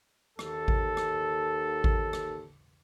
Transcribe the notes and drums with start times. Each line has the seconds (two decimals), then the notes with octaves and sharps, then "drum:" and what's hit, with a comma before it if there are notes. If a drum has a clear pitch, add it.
0.39 D#2 A4, drum: rim click
0.68 drum: kick G#1
0.97 drum: rim click
1.84 drum: kick G#1
2.13 drum: rim click